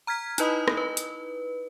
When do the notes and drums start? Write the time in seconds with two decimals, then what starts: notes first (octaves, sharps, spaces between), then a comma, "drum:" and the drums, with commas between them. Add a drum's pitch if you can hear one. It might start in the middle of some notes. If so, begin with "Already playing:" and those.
0.07 A#5 F6 G#6 B6
0.38 D#4 E4 B4 D#5 B5 D#6, drum: hi-hat
0.68 drum: rim click
0.77 B4
0.97 drum: hi-hat